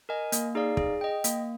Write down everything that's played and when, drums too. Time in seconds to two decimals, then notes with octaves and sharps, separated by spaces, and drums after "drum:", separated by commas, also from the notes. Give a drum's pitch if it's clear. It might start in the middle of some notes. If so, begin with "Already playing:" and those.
0.09 A#4 D#5 G#5
0.32 A#3, drum: hi-hat
0.55 D#4 G#4 D5 F5
0.77 G#4, drum: kick
1.01 D#5 G5
1.24 A#3, drum: hi-hat